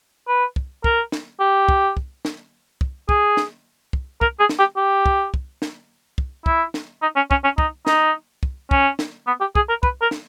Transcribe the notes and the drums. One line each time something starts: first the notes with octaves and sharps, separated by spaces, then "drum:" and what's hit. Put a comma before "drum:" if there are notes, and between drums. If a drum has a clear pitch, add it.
B4
drum: kick
A#4, drum: kick
drum: snare
G4
drum: kick
drum: kick
drum: snare
drum: kick
G#4, drum: kick
drum: snare
drum: kick
A#4, drum: kick
G#4
drum: snare
G4
G4
drum: kick
drum: kick
drum: snare
drum: kick
E4, drum: kick
drum: snare
D#4
C#4
C#4, drum: kick
C#4
D#4, drum: kick
D#4, drum: snare
drum: kick
C#4, drum: kick
drum: snare
B3
G4
G#4, drum: kick
A#4
B4, drum: kick
A#4
drum: snare